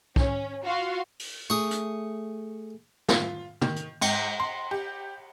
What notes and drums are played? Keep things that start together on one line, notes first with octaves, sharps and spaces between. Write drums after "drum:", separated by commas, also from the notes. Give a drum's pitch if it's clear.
C#4, drum: kick
F4 F#4 F5 C6
drum: open hi-hat
A3 G#4 C#6 D#6, drum: tambourine
drum: hi-hat
F4, drum: snare
D#3, drum: tom
drum: hi-hat
G#2, drum: cymbal
C6
G4